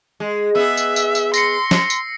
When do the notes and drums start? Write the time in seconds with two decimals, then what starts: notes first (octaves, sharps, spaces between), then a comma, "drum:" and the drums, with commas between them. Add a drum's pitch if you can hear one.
0.20 G#3
0.55 B3 G#4 E5 E6
0.77 drum: tambourine
0.96 drum: tambourine
1.15 drum: tambourine
1.34 C6 A#6 C7 C#7, drum: tambourine
1.71 drum: snare
1.90 drum: tambourine